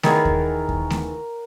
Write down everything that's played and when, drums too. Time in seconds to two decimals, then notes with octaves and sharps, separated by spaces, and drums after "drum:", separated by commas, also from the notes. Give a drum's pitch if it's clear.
0.03 D#3 E3 G#4 A#4 C#5 F#5, drum: snare A3
0.25 drum: kick D#2
0.69 drum: kick D#2
0.90 drum: snare A3